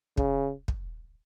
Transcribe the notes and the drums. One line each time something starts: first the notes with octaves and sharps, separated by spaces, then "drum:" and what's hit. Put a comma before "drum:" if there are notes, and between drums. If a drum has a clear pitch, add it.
C#3, drum: kick
drum: kick